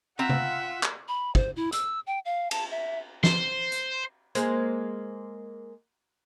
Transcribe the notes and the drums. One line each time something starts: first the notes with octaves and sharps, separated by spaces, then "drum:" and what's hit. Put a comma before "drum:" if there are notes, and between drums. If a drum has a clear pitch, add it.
C4 F4 E5 F#5 A#5
drum: tom C3
drum: clap
B5
C5, drum: kick
E4
E6, drum: hi-hat
G5
F5
A5, drum: cymbal
E5
C5, drum: snare
drum: hi-hat
G#3 A#3 C5, drum: hi-hat